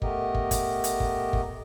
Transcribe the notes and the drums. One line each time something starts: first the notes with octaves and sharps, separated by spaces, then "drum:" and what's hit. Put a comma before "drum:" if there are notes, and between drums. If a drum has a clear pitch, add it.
A3 B3 G4 A#4 D#5, drum: kick
drum: kick
drum: kick, hi-hat
drum: hi-hat
drum: kick
drum: kick